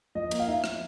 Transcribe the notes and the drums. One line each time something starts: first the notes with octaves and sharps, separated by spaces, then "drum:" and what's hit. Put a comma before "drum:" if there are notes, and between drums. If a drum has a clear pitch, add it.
F3 D#5
A#3, drum: cymbal
F5
D#4 E5
F3, drum: rim click